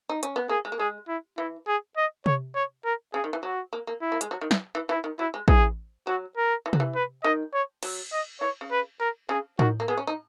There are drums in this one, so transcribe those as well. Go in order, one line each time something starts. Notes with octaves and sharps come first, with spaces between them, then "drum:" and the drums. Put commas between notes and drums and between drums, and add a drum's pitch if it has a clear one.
D#4
C#4, drum: hi-hat
B3
A#3 G#4
G#3
A#3
G#3 G#4
E4
E3 E4
G#4
D#5
C#5, drum: tom C3
C#5
A#4
C#3 G#4
D#3
E3
F#3 F#4
A#3
A#3
E4
A#3
G#3, drum: hi-hat
F#3
D#3
E3, drum: snare
E3
E3 E4
D#3
F#3 E4
G#3
E3 G#4, drum: kick
F#3 F#4
A#4
E3
F#3, drum: tom C3
E3
B4
D#3 D#5
C#5
F#3, drum: cymbal
D#5
E3 C#5
C#3
B4
A#4
C#3 G#4
D#3 F#4, drum: tom A2
A#3
B3 G#4
C#4
D#4